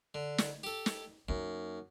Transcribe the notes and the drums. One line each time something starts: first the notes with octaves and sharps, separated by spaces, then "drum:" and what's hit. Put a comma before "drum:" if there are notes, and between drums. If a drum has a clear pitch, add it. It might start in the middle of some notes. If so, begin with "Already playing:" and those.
D3
drum: snare
G4 A4
drum: snare
F#2 A#3 D#4